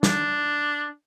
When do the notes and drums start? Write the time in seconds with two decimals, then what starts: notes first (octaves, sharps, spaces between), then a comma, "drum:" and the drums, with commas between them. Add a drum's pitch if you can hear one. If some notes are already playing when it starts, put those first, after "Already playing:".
0.03 D4, drum: snare